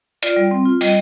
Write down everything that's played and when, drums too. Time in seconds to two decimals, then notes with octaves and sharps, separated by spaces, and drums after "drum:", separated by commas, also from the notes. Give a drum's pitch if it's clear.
0.23 F4 D5, drum: hi-hat
0.36 G3
0.51 C4
0.65 F4
0.81 G3 D#5, drum: open hi-hat